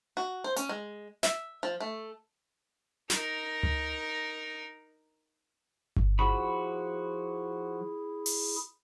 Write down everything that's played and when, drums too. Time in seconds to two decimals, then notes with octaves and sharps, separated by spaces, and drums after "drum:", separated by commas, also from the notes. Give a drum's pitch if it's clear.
0.17 F#4
0.44 C5
0.56 C#4, drum: hi-hat
0.69 G#3
1.23 E5, drum: snare
1.63 F3
1.80 A3
3.10 D#4 A#4, drum: snare
3.63 drum: tom C#2
5.96 drum: kick G1
6.19 F3 E4 F#4 G#4 B5
8.26 drum: open hi-hat